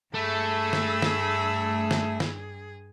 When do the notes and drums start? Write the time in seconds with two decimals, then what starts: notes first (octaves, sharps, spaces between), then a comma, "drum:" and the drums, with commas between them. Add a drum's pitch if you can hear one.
0.14 G2 A3 G#4 B5 E6
0.73 drum: snare
1.02 drum: snare
1.91 drum: snare
2.20 drum: snare